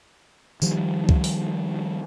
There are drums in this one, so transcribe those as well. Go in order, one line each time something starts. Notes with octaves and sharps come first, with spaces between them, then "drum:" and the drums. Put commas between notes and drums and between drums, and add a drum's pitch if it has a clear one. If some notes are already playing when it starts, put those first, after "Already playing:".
D#3 F3 G3, drum: tambourine
drum: kick C2
drum: open hi-hat